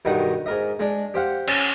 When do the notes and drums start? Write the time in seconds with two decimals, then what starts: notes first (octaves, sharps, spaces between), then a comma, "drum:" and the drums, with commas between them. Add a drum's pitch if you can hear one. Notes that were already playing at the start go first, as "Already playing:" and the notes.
0.05 B1 G2 D#3 D#4 F#5
0.46 G#2 A#4 D#5
0.79 G#3 D4
1.14 G4 C5 F5 F#5
1.48 C#4, drum: cymbal